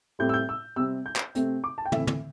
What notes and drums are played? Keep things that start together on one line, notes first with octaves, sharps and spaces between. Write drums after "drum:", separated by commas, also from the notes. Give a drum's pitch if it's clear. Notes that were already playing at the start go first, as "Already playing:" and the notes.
A2 G3 C4 G6
E6
G6
E6
C3 G3 C4 E6
G6
drum: clap
C3 A3 C4, drum: hi-hat
D6
A5
G5
A2 E3 C4 E5, drum: tom
drum: tom